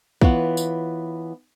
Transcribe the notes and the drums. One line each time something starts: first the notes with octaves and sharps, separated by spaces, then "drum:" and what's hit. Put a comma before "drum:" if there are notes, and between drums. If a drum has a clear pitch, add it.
E3 B3 F4 C#5 F#5, drum: kick
drum: tambourine